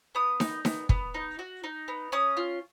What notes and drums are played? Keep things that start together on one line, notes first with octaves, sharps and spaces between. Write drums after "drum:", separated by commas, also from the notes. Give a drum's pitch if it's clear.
B3 D#6
D#4, drum: snare D#4
B3, drum: snare D#4
B3, drum: kick
D#4
F#4
D#4
B3
C#4 D#6
F4